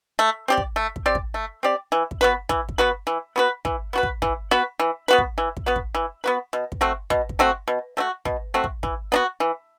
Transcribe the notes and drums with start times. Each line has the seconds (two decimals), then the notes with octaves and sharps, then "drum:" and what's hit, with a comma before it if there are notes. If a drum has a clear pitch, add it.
0.19 A3
0.48 C4 G4 D5
0.57 drum: kick
0.76 A3
0.96 drum: kick
1.06 C4 G4 D5
1.15 drum: kick
1.34 A3
1.63 C4 G4 D5
1.92 E3
2.11 drum: kick
2.21 B3 F#4 B4
2.49 E3, drum: kick
2.69 drum: kick
2.78 B3 F#4 B4
3.07 E3
3.36 B3 F#4 B4
3.65 E3, drum: kick
3.93 B3 F#4 B4
4.03 drum: kick
4.22 E3, drum: kick
4.51 B3 F#4 B4
4.79 E3
5.08 B3 F#4 B4
5.18 drum: kick
5.38 E3
5.57 drum: kick
5.66 B3 F#4 B4
5.76 drum: kick
5.95 E3
6.24 B3 F#4 B4
6.53 B2
6.72 drum: kick
6.81 A3 C4 F#4
7.10 B2, drum: kick
7.29 drum: kick
7.39 A3 C4 F#4
7.68 B2
7.97 A3 C4 F#4
8.25 B2, drum: kick
8.54 A3 C4 F#4
8.64 drum: kick
8.83 E3, drum: kick
9.12 B3 D4 F#4
9.40 E3